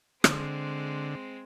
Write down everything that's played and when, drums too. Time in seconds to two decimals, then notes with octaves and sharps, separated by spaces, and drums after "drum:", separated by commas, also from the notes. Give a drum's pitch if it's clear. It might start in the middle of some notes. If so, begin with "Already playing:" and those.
0.24 D3 G#3 C4, drum: rim click